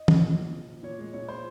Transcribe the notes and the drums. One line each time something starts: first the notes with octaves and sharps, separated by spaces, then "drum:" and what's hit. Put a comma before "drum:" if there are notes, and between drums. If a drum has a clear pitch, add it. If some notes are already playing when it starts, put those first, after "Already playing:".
Already playing: D#5
G#3, drum: tom
A#2
A#2
A#2
F3
A#2 C#5
G#3
A#2 C#5
F3 C5